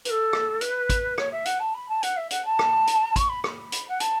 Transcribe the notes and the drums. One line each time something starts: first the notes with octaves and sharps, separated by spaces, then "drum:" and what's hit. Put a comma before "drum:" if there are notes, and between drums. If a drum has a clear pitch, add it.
B4, drum: hi-hat
A4
drum: rim click
B4, drum: hi-hat
drum: kick, hi-hat
C#5, drum: rim click
E5
F#5, drum: hi-hat
A5
B5
A5
F#5, drum: hi-hat
E5
F#5, drum: hi-hat
A5
drum: rim click
drum: hi-hat
C#6, drum: kick, hi-hat
B5
C#6, drum: rim click
B5
drum: hi-hat
F#5
A5, drum: hi-hat